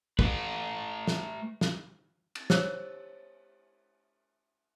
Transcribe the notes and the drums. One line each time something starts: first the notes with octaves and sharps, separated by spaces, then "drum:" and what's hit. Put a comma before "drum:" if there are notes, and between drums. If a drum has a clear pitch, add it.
A3 B4, drum: kick
drum: snare
drum: snare
drum: cymbal
G4 C5 C#5 E6, drum: snare